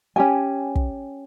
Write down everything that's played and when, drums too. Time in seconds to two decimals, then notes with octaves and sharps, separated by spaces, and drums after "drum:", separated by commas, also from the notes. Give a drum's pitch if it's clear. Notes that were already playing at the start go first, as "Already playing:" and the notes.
0.16 C#4 G4 G#5
0.75 drum: kick